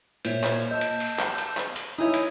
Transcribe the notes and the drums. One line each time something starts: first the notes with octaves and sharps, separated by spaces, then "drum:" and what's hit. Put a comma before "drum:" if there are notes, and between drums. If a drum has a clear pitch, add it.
A#2 C5 C#5 E5, drum: hi-hat
drum: clap
D#5 A5 E6 G6
drum: hi-hat
drum: open hi-hat
drum: clap
drum: hi-hat
drum: clap
drum: hi-hat
D#4 E4 C#5 G#5 D#6
drum: hi-hat